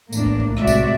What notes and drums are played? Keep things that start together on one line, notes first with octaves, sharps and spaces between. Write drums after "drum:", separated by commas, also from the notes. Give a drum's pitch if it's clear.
E2 A2 A#3 D4, drum: tambourine
drum: kick
drum: kick
A2 C3 G#3 F#4 D5 E5, drum: rim click
drum: kick, tambourine